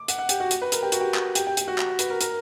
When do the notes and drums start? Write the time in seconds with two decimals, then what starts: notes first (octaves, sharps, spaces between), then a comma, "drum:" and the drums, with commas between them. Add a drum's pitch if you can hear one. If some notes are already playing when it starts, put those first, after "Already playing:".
Already playing: D6
0.08 F#5, drum: hi-hat
0.18 F#5
0.29 G4, drum: hi-hat
0.40 F#4
0.51 drum: hi-hat
0.62 B4
0.72 A#4, drum: hi-hat
0.82 G4
0.92 F#4, drum: hi-hat
1.01 G4
1.14 drum: clap
1.35 G4, drum: hi-hat
1.47 G4
1.57 G4, drum: hi-hat
1.68 F#4
1.78 drum: clap
1.99 B4, drum: hi-hat
2.10 A#4
2.21 A#4, drum: hi-hat